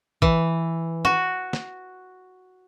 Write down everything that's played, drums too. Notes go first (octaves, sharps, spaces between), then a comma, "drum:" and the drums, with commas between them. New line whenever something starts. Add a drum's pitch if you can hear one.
E3, drum: kick
F#4, drum: tom
drum: snare